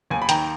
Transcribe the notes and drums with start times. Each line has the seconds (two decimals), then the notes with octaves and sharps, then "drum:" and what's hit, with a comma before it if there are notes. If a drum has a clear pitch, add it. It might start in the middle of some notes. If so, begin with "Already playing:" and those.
0.10 D#2 G#5
0.22 B5
0.29 D#3 G5 A#5, drum: hi-hat